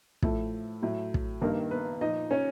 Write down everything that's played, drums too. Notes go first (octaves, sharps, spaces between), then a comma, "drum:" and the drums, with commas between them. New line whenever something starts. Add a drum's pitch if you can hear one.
A2 F3 A3 A4, drum: kick
A2 F#3
drum: kick
G2 D#3 G3 A#3 A#4
B3 B4
A#2 F3 D#4 D#5
C#4 C#5